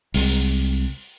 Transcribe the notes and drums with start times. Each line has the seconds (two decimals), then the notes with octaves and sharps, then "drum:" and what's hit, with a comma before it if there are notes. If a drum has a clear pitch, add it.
0.14 C2 G#3, drum: open hi-hat
0.33 drum: tambourine